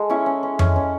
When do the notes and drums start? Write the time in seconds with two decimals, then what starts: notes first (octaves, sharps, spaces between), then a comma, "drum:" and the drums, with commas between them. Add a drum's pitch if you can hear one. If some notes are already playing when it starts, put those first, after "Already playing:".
Already playing: G#3 A4
0.10 C#4 E4 C#5
0.26 C#4
0.43 C#4
0.59 C#4, drum: tom F2
0.76 C#4